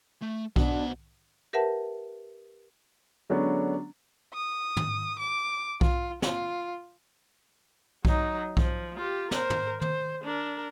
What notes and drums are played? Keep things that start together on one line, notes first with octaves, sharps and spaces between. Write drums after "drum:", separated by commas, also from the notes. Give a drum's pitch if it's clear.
A3
B2 D4 C5 F#5, drum: kick B1
G4 A#4 B4 E5 F#5 A5
D3 F#3 G#3 B3 C#4 D4
D#6
drum: tom
D6
F4, drum: kick B1
F4, drum: snare
F#3 D#4, drum: kick B1
F3, drum: kick B1
F4 G4
A#4 C5, drum: snare
drum: tom
C5, drum: tom
D4 A#4